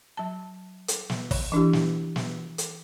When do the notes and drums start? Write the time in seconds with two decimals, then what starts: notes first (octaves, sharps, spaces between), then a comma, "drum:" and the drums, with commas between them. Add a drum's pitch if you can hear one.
0.17 F#3 A5
0.88 drum: hi-hat
1.10 drum: snare
1.31 drum: kick, open hi-hat
1.52 E3 D4 E4 G4
1.73 drum: snare
2.16 drum: snare
2.58 drum: hi-hat